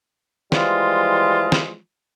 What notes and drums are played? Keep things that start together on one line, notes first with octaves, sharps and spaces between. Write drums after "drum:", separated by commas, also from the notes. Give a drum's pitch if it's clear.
E3 F3 G3 G#3 F4, drum: snare
drum: snare